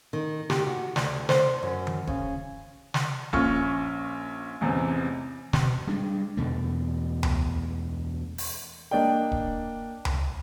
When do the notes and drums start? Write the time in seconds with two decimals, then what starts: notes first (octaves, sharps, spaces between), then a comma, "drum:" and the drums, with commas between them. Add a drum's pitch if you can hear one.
0.13 D#3
0.50 G4, drum: snare
0.66 F#4
0.96 D2, drum: snare
1.29 C5, drum: snare
1.63 F#2
1.87 drum: tom D#3
2.07 C#3, drum: kick D#1
2.94 drum: snare
3.33 A#1 C#4 F4 C#6 F6, drum: kick D#1
4.61 A1 E2 C3
5.53 B2, drum: snare
5.87 G3 G#3 D4
6.37 E2 B2 A3
7.23 drum: tom C#2
8.38 drum: open hi-hat
8.91 A#3 D4 D5 D#5 G5
9.32 drum: kick D#1
10.05 drum: tom C#2